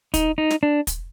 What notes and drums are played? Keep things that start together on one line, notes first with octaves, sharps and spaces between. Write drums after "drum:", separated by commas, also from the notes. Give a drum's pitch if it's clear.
D#4, drum: kick, hi-hat
D#4
drum: snare
D4
drum: kick, hi-hat